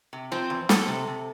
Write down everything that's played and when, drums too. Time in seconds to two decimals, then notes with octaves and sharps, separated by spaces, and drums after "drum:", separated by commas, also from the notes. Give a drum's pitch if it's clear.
0.13 C3
0.31 F3 C4
0.50 E2
0.69 F2 A4, drum: snare
0.88 C3
1.07 C3